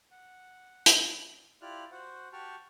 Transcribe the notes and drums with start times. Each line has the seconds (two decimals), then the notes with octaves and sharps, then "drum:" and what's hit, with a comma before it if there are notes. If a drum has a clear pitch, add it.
0.11 F#5
0.86 drum: hi-hat
1.62 E4 F4 G4 D5 F6 F#6
1.91 F#4 C5 F#5
2.33 F#4 G4 G5 A5 C#6 F6